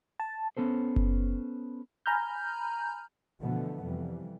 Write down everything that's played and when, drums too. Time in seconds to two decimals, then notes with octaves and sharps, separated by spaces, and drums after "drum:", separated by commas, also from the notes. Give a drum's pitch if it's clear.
0.20 A5
0.57 B3 C#4 A4 C5
0.96 drum: kick F#1
2.06 G#5 A#5 B5 F6 G6
3.40 B2 D3 E3 F3 A3 B3
3.83 F2 C3 E3 G3